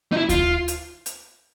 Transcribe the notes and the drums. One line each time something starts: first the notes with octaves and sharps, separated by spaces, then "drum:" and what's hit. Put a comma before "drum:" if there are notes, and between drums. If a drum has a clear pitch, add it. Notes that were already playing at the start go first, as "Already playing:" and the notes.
D#4
E4
F4, drum: kick D#2, hi-hat
drum: hi-hat
drum: hi-hat